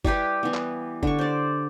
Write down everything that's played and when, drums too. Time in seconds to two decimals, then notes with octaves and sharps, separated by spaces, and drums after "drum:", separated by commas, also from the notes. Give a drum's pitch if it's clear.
0.05 G3 E4 G4 B4, drum: kick
0.43 E3 B3
0.54 drum: clap
1.03 D3 C#6, drum: kick
1.19 C5 D5